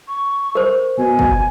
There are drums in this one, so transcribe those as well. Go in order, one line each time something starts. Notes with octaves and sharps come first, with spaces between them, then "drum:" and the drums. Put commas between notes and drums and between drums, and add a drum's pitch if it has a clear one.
C#6
A#4 C5
B2 G#5
drum: kick